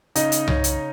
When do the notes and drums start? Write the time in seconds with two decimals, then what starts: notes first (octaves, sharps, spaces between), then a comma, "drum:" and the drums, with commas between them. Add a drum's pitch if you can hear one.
0.15 C#3 D#4 D#5, drum: hi-hat
0.32 drum: hi-hat
0.48 C#4, drum: tom C2
0.64 drum: hi-hat